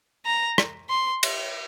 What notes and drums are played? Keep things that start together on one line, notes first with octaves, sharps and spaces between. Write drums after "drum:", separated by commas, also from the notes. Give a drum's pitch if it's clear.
A#5
drum: rim click
C6
drum: cymbal